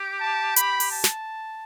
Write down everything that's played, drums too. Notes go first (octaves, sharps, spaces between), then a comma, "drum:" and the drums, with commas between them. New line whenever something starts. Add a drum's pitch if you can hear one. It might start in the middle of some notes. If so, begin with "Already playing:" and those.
Already playing: G4
A5
B5, drum: hi-hat
drum: open hi-hat
A5
drum: snare